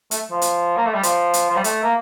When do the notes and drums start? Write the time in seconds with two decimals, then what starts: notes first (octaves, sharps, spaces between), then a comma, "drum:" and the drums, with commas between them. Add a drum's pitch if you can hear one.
0.11 A3, drum: hi-hat
0.31 F3
0.42 drum: hi-hat
0.77 A#3
0.86 A3
0.94 G3
1.03 F3, drum: hi-hat
1.34 drum: hi-hat
1.50 F3
1.56 G3
1.64 A3, drum: hi-hat
1.83 A#3